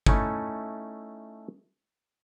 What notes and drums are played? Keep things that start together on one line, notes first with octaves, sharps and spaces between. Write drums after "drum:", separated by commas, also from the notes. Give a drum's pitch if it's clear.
A3 C#4 D#4 E4 A4, drum: kick